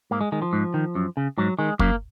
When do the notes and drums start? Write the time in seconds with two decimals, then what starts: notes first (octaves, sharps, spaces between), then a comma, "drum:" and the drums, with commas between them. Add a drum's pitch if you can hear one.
0.11 G#2 A#3
0.21 G#3
0.32 D#3 G#3
0.42 F3
0.53 G#2
0.74 D#3
0.95 F#2
1.17 C#3
1.38 G#2 F#3
1.59 D#3 G#3
1.79 F#2 A#3, drum: kick